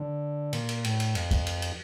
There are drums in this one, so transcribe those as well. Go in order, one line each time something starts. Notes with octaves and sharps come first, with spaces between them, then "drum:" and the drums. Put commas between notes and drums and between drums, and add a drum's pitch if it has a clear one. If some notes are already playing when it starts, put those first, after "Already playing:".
Already playing: D3
A#2, drum: cymbal
drum: cymbal
A2, drum: cymbal
drum: cymbal
F2, drum: cymbal
drum: kick, cymbal
drum: cymbal
drum: cymbal